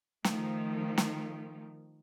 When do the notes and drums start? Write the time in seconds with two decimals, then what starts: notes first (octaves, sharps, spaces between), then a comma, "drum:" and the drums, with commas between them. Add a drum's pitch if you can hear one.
0.24 D#3 F3 A3, drum: snare
0.98 drum: snare